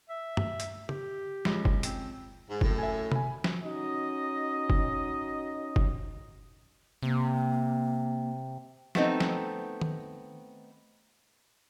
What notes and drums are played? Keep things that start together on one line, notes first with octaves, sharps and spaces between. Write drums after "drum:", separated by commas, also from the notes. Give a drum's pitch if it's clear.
E5
drum: tom G2
drum: hi-hat
G4, drum: tom C#3
C#2, drum: snare F3
drum: kick
C4, drum: hi-hat
G#2
F#2 A2, drum: kick
E5 G#5
G#5 B5, drum: tom C3
drum: snare F3
C#4 D#4 F#4 D#5
drum: kick
drum: kick
C3 A#3
A3 B3 C4 D#4, drum: snare F3
drum: snare F3
drum: tom D#3